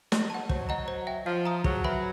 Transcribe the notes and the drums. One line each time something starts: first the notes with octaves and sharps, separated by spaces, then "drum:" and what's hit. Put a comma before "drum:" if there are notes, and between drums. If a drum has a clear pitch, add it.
D#5, drum: snare
F#5 A5
F#3 C5, drum: kick
D#5 F#5 A#5
C5
E5 G5
F3 F5
A#5 D#6
F#3 G#4, drum: kick
B4 E5 G#5 B5